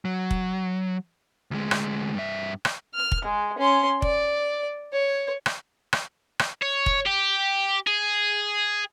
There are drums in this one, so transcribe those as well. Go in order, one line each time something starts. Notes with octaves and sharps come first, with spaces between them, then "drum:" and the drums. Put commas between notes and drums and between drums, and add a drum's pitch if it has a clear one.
F#3
drum: kick
D2 G#3
drum: rim click
G2 E5
drum: rim click
F6
drum: kick
G#3
C#4 C6
D5, drum: kick
C#5
drum: rim click
drum: rim click
drum: rim click
C#5
drum: kick
G4
G#4